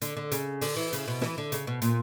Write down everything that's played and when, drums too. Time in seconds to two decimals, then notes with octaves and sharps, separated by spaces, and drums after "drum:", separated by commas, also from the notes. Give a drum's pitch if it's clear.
0.02 D3, drum: hi-hat
0.17 D3
0.32 C#3, drum: hi-hat
0.61 D3, drum: open hi-hat
0.76 E3
0.93 C#3, drum: hi-hat
1.08 B2
1.22 E3, drum: snare
1.38 D3
1.52 C#3, drum: hi-hat
1.67 B2
1.82 A#2, drum: hi-hat